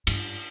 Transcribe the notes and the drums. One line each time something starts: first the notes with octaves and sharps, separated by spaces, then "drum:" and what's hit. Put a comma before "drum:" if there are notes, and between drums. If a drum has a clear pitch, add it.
G2, drum: cymbal